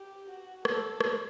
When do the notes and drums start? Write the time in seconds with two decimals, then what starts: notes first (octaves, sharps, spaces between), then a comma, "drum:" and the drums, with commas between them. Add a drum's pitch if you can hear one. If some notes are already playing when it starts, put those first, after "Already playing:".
Already playing: G4
0.29 F#4
0.65 A4, drum: rim click
1.01 drum: rim click